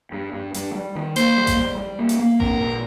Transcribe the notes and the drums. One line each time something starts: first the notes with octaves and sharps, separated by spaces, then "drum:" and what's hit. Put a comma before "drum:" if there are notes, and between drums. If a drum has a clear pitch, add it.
G2
G2
G2, drum: hi-hat
G3
D#3
A#3 C5, drum: hi-hat
G3
drum: kick A1, hi-hat
G3
G3
A#3
drum: hi-hat
A#3
C4 A#4, drum: kick A1
A#2